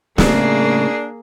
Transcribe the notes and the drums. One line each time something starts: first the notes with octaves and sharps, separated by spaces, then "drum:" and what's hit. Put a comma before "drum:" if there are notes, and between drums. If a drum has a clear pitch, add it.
A2 C#3 A#3 D4 G#4, drum: snare